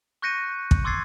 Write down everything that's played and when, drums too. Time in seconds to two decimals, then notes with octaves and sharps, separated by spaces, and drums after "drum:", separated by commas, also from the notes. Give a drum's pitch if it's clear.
0.22 C#6 F#6 G6 A#6 C#7 D#7
0.71 drum: kick
0.84 C6 D6 E6 G#6 A6 C7